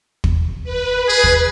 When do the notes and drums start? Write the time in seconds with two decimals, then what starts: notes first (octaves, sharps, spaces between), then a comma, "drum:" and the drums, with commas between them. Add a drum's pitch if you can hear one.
0.24 drum: kick
0.64 B4
1.08 G#4
1.24 drum: kick